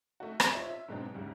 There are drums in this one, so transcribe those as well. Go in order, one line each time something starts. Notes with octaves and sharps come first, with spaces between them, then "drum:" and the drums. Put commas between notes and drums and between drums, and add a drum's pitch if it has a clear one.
A3 D#4 F#4
C3, drum: rim click
F4 C5 C#5 D#5 E5
F4 E5
G#2 B2 F#3 G#3 C4 D4
D2 G#2 C#3 G3